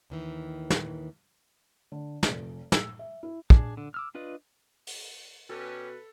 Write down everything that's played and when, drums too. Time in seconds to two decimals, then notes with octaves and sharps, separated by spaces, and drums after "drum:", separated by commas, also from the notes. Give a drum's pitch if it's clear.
0.10 D#2 D#3 E3
0.70 drum: snare
1.92 D3
2.23 F1, drum: snare
2.72 E6, drum: snare
2.99 E5
3.23 E4
3.50 D4 G#4, drum: kick
3.77 D3
3.94 D6 E6 F6
4.15 D4 F4 B4 D5 D#5
4.87 drum: open hi-hat
5.49 B2 G3 C#4 A4 B4